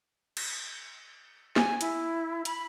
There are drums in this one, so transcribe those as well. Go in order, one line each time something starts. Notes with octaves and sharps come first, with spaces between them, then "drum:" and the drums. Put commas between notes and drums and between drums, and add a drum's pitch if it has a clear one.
drum: cymbal
G#5, drum: snare
E4, drum: hi-hat
B5, drum: hi-hat